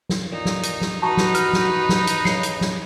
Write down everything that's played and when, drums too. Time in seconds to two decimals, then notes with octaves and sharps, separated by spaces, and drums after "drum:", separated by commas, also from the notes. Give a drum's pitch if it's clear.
0.09 drum: snare
0.32 A#2 D#4
0.45 drum: snare
0.63 drum: hi-hat
0.81 drum: snare
1.02 D#4 F#4 B4 A5 A#5 C#6
1.17 drum: snare
1.35 F6, drum: hi-hat
1.53 drum: snare
1.89 drum: snare
2.07 drum: hi-hat
2.25 C#3 C7 C#7, drum: snare
2.43 drum: hi-hat
2.61 drum: snare